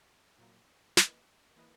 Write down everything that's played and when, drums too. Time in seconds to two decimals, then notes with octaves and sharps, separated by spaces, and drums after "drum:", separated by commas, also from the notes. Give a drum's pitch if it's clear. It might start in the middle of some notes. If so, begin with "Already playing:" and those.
0.38 A#2 F#3 A#3
0.97 E3 A#3 E4 B4 D#5, drum: snare
1.56 E3 A#3 E4 B4 D#5